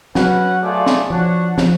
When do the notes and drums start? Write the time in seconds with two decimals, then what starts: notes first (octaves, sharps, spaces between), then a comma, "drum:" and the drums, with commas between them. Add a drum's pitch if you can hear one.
0.15 F#3 C#4 F#4 B4 F#5, drum: snare
0.62 A3 F4 G#4 D5
0.86 drum: snare
1.10 F3 D4 F#4 C#5 F#5
1.58 F3, drum: snare